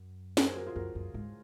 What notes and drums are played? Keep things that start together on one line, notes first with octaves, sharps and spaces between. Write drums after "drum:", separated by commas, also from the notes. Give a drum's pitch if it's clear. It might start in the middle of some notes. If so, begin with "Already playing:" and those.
Already playing: F#2
A#4 C#5, drum: snare
G#4 C5
F#4 A#4
F4 G#4
F#2 F#4 A#4
F#2
G#2